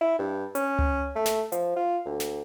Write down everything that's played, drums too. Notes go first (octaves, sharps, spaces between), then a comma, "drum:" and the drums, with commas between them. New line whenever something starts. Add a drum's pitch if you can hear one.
E4
G2
C#4, drum: hi-hat
drum: tom C#2
A3
drum: snare
F3, drum: hi-hat
F4
D2
drum: snare